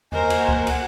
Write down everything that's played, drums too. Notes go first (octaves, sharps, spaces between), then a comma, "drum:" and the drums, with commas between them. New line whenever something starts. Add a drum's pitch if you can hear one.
A#3 F#4 A#4 C5 D#5 F#5 G#5, drum: tom E2
drum: cymbal
drum: kick C#2
drum: cymbal